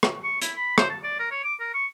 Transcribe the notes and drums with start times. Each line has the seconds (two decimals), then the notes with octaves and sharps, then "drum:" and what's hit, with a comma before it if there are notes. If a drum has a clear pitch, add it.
0.03 drum: rim click
0.24 C#6
0.42 E4, drum: hi-hat
0.57 B5
0.78 C5, drum: rim click
0.90 A5
1.03 D5
1.19 A#4
1.31 C#5
1.44 D6
1.60 A#4
1.74 C#6